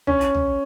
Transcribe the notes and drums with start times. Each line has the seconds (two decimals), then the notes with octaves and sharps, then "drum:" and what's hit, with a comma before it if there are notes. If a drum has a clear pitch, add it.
0.07 C#4, drum: tom
0.21 drum: hi-hat
0.35 drum: tom